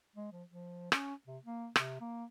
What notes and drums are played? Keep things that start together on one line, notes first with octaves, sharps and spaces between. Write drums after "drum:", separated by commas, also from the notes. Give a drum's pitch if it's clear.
G#3
F3
F3
C#4, drum: rim click
C3
A#3
C3, drum: rim click
A#3